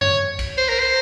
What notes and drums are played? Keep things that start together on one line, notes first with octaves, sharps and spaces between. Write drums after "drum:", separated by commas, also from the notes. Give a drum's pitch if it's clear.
C#5, drum: tom F#2
drum: kick B1, cymbal
C5
A#4
C5